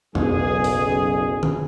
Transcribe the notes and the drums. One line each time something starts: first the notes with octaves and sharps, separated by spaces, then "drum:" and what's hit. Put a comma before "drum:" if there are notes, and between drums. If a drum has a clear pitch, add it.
F#1 B1 G#4, drum: tom E2
drum: open hi-hat
drum: tom D3